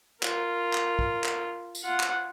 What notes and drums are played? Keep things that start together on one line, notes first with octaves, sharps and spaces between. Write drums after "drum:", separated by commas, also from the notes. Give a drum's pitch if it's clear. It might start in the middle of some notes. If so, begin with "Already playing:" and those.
F4 A#4, drum: clap
drum: clap
drum: kick
drum: clap
drum: tambourine
F4 F#5
drum: clap